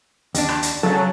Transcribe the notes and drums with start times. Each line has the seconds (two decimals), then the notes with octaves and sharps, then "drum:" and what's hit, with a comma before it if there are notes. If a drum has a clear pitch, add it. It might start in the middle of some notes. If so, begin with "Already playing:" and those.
0.34 D#2 D4, drum: hi-hat
0.48 drum: rim click
0.62 drum: hi-hat
0.83 C#3 F#3 A4 A5